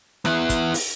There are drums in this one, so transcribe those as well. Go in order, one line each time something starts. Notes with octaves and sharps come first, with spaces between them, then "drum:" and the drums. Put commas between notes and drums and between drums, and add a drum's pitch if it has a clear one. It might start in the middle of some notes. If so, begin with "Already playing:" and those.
B3 E4, drum: snare
drum: kick, hi-hat
drum: open hi-hat